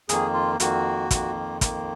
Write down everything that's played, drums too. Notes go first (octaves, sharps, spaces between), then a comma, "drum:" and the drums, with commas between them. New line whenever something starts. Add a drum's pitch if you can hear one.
F2 D#3 A#3 G#4, drum: hi-hat
F4
F2 D#3 A#3 F#4, drum: hi-hat
F2 D#3 A#3, drum: kick, hi-hat
F2 D#3 A#3, drum: kick, hi-hat